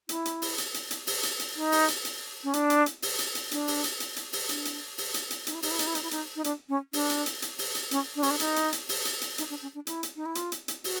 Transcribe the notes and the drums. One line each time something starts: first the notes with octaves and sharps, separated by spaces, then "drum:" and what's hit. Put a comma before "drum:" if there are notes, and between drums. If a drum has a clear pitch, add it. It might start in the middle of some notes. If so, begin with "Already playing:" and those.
E4, drum: hi-hat
drum: hi-hat
drum: open hi-hat
drum: hi-hat
drum: hi-hat
drum: hi-hat
drum: open hi-hat
drum: hi-hat
drum: hi-hat
D#4
drum: open hi-hat
drum: hi-hat
drum: hi-hat
C#4
D4, drum: hi-hat
drum: hi-hat
drum: hi-hat
drum: open hi-hat
drum: hi-hat
drum: hi-hat
D4, drum: hi-hat
drum: open hi-hat
drum: hi-hat
drum: hi-hat
drum: hi-hat
drum: open hi-hat
D4, drum: hi-hat
drum: hi-hat
drum: open hi-hat
drum: hi-hat
drum: hi-hat
D#4, drum: hi-hat
E4
D#4, drum: open hi-hat
E4
D#4, drum: hi-hat
E4
D#4, drum: hi-hat
E4
D#4, drum: hi-hat
D#4
D4, drum: hi-hat
C#4
D4, drum: open hi-hat
drum: hi-hat
drum: hi-hat
drum: hi-hat
drum: open hi-hat
drum: hi-hat
C#4, drum: hi-hat
D4
C#4, drum: open hi-hat
D4
D#4, drum: hi-hat
drum: hi-hat
drum: hi-hat
drum: open hi-hat
drum: hi-hat
drum: hi-hat
D#4, drum: hi-hat
D4
C#4
D4
E4, drum: hi-hat
drum: hi-hat
D#4
E4
F4, drum: hi-hat
drum: hi-hat
drum: hi-hat
F#4, drum: open hi-hat